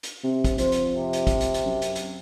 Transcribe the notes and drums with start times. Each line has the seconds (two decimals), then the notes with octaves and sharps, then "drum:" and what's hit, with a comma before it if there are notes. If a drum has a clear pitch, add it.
0.03 drum: hi-hat
0.24 C3
0.44 drum: kick, hi-hat
0.58 F2 C5, drum: hi-hat
0.72 drum: hi-hat
0.93 C3
1.13 drum: hi-hat
1.27 drum: kick, hi-hat
1.41 drum: hi-hat
1.54 drum: hi-hat
1.65 F#2
1.82 drum: hi-hat
1.95 drum: hi-hat